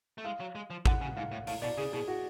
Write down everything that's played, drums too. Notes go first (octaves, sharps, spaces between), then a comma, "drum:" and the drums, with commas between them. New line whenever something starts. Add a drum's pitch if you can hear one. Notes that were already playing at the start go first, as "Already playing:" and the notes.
A3
G#3 F5
F#3
G#3
F3
D3 F#5, drum: kick A1
C#3
G#2 F5
A2
A2 F5, drum: open hi-hat
B2 D5
C#3 G#4
B2 G#4
F#4